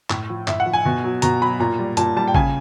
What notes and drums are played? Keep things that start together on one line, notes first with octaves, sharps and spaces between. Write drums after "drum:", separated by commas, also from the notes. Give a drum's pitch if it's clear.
A2, drum: clap
F3
A2 E5, drum: clap
F#5
F3
G#5
B2
F#3
B2 A#5, drum: hi-hat
F#3 B5
A#2 A#5
G3
A#2 A5, drum: hi-hat
G3 A5
G5
C#3 G#5, drum: kick